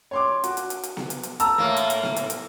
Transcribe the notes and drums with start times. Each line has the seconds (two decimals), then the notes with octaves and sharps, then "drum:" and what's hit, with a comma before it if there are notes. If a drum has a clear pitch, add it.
0.11 C#5 C6 D6
0.44 F#4, drum: hi-hat
0.57 drum: hi-hat
0.70 drum: hi-hat
0.83 drum: hi-hat
0.97 drum: snare B3
1.10 drum: hi-hat
1.23 drum: hi-hat
1.40 A5 A#5 E6, drum: hi-hat
1.58 A2 A#3
1.77 drum: hi-hat
1.90 drum: hi-hat
2.03 drum: snare B3
2.16 drum: hi-hat
2.30 drum: hi-hat